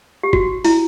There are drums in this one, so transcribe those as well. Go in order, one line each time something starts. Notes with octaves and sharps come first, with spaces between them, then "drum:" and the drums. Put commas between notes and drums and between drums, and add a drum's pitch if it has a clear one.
G4
F#4, drum: kick
E4, drum: open hi-hat